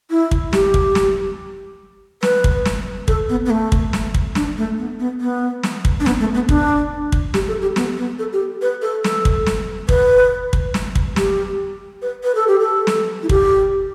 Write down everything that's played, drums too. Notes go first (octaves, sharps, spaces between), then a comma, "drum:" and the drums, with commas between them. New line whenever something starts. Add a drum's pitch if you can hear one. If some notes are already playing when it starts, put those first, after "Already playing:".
E4
drum: kick
G4, drum: snare
drum: kick
drum: snare
B4, drum: snare
drum: kick
drum: snare
A4, drum: kick
B3
B3
A3
drum: kick
drum: snare
drum: kick
D4, drum: snare
A3
B3
B3
B3
drum: snare
drum: kick
D4
B3, drum: snare
A3
B3
D4, drum: kick
drum: kick
G4, drum: snare
A4
G4
B3, drum: snare
B3
A4
G4
B4
A4
A4, drum: snare
drum: kick
drum: snare
B4, drum: kick
drum: kick
drum: snare
drum: kick
G4, drum: snare
B4
B4
A4
G4
A4
drum: snare
E4
G4, drum: kick